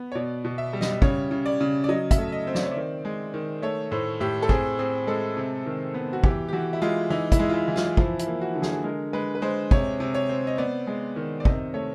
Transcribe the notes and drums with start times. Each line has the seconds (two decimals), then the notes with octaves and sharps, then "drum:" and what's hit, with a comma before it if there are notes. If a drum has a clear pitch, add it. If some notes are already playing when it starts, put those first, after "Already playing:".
Already playing: B3
0.12 C#5
0.15 B2 D5
0.45 B2
0.58 E5
0.73 G3
0.81 D#5, drum: snare
1.02 C#3 C#5, drum: kick
1.31 C#3
1.46 D5
1.61 C#3
1.84 D5
1.89 F#3 D#5
2.11 E5, drum: kick, hi-hat
2.18 A3
2.32 D#5
2.47 C4
2.55 D5, drum: snare
2.62 C#5
2.71 D#3 D5
3.05 G#3
3.34 D#3
3.62 A3 C#5
3.92 A2 C5
4.20 A2 G4
4.42 A4
4.49 C4 G#4, drum: kick
4.79 C4 G#4
5.07 G#3 A4
5.37 C3
5.66 D#3
5.94 B3
6.13 F#4
6.24 E3 G4, drum: kick
6.48 G4
6.53 E3 F#4
6.73 E4
6.82 G#3 F4
7.10 E3 D#4
7.32 E4, drum: kick, hi-hat
7.39 G#3
7.49 F4
7.54 E4
7.68 E3
7.76 F4, drum: snare
7.97 F3 E4, drum: kick
8.19 E4, drum: hi-hat
8.27 A#3
8.41 F#4
8.55 D3
8.62 G#4, drum: snare
8.84 G#3 A#4
9.13 G#3 B4
9.35 B4
9.42 G#3 C5
9.71 C3 C#5, drum: kick
10.00 C3
10.14 C#5
10.29 C4
10.47 D#5
10.58 B3 D5
10.87 G#3
11.16 D#3
11.40 D5
11.45 C3 D#5, drum: kick
11.74 A3 C#5